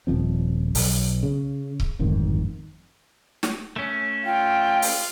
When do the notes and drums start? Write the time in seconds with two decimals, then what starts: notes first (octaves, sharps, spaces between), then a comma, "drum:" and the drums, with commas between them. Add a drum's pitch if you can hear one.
0.07 D#1 F3 C4
0.75 B1, drum: open hi-hat
1.23 C#3
1.80 drum: kick C#1
1.99 G1 F2 G#2 D#3
3.43 drum: snare
3.76 A3 C#4
4.26 F4 G5
4.82 drum: open hi-hat